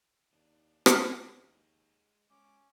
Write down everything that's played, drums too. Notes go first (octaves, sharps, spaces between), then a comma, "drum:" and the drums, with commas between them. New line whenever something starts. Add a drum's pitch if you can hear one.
D#2 D4 D#4 D5
drum: rim click
G#4 C#5 D#5
G#3 C#4 F#4 D6